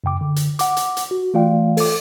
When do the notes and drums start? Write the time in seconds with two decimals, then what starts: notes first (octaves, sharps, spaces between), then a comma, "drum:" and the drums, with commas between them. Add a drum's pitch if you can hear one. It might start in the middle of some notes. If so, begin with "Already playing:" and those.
0.04 F#2 C#3 G5 D6
0.21 D3
0.36 drum: hi-hat
0.59 F#5 D6, drum: hi-hat
0.77 drum: hi-hat
0.97 drum: hi-hat
1.11 F#4
1.34 E3 A3 F4 D5 F5 G5
1.77 A4 D6, drum: open hi-hat